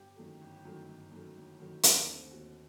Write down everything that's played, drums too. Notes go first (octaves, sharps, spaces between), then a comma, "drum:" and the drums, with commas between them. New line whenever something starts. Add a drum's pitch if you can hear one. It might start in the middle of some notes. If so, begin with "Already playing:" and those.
Already playing: G1 G4
F#2 D#3 F#3 A3
G1
F#2 D#3 F#3 A3
G1
F#2 D#3 F#3 A3
G1
F#2 D#3 F#3 A3
D#2 D#4, drum: hi-hat
D3 A3 C4
D#2 F#4